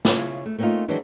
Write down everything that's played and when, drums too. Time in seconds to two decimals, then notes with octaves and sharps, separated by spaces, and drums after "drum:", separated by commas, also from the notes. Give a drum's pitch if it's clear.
0.05 C#3 E4 F4 C#5, drum: snare
0.46 A3
0.58 A3 A#3 C4 C#4 D#4 F4
0.88 D#3 E3 F#3 G#3 C4 D4